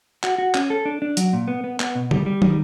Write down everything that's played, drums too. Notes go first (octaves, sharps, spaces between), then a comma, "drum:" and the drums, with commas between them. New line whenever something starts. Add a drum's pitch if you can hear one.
F#4, drum: clap
F#4
C#4, drum: clap
A4
D4
D4
F#3, drum: hi-hat
A#2
B3
B3
B3, drum: clap
B2
G3, drum: tom D3
G3
D#3, drum: tom